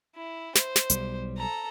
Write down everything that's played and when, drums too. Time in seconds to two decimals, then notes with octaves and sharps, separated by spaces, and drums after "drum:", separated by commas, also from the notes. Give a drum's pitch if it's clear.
0.15 E4
0.55 C5, drum: snare
0.76 drum: snare
0.90 B1 G3, drum: hi-hat
1.37 A4 A#5